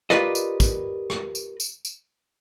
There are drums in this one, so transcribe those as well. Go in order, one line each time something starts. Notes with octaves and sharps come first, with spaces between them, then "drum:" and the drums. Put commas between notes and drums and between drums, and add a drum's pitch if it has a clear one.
F4 G4 A#4 B4 D5 D#5, drum: rim click
drum: tambourine
drum: kick, tambourine
drum: rim click
drum: tambourine
drum: tambourine
drum: tambourine